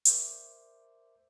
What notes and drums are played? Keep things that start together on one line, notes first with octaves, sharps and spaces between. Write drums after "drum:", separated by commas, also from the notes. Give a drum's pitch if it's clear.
A#4 C5 D5 E5 D6, drum: hi-hat